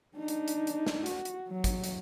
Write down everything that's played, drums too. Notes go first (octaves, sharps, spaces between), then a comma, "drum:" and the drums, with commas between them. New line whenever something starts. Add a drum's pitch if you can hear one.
D4 D#4
drum: hi-hat
drum: hi-hat
drum: hi-hat
drum: snare
F#4, drum: hi-hat
drum: hi-hat
F#3
drum: kick, hi-hat
drum: hi-hat